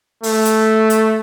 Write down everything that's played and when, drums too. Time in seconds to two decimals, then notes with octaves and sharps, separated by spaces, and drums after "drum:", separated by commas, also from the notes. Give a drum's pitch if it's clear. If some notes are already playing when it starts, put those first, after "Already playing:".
0.23 A3, drum: open hi-hat
0.45 drum: hi-hat
0.90 drum: hi-hat